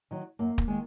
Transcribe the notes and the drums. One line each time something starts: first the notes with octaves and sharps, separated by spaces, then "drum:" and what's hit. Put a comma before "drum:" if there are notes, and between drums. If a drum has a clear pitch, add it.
D#3 F#3
F#2 A#3
drum: kick
D#3 G#3